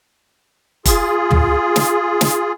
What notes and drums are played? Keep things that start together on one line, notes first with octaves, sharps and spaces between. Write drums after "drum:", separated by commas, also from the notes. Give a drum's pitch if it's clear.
F4 G#4, drum: kick F1, hi-hat
drum: tom
drum: snare
drum: snare